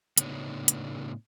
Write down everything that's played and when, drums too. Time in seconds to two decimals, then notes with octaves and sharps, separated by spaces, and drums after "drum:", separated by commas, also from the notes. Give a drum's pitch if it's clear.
0.18 A2 C#3 B3 D4 D#4 C#5, drum: hi-hat
0.68 drum: hi-hat